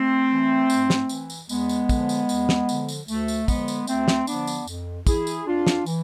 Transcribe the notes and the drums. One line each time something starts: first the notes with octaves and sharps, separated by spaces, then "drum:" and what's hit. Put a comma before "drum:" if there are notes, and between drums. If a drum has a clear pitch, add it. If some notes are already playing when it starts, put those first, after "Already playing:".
Already playing: A3 C4
E3
G#2, drum: tambourine
drum: snare
E3, drum: tambourine
drum: tambourine
E2 G#3 B3, drum: tambourine
drum: tambourine
D3 F3, drum: kick, tambourine
drum: tambourine
E2, drum: tambourine
drum: snare
D3 F3, drum: tambourine
drum: tambourine
D2 A3, drum: tambourine
drum: tambourine
D3 F3 G#3 B3, drum: kick, tambourine
drum: tambourine
D2 A3 C4, drum: tambourine
drum: snare
D3 F3 B3 D4, drum: tambourine
drum: tambourine
F2, drum: tambourine
E3 E4 G#4, drum: kick, tambourine
drum: tambourine
F2 D4 F4
drum: snare
E3, drum: tambourine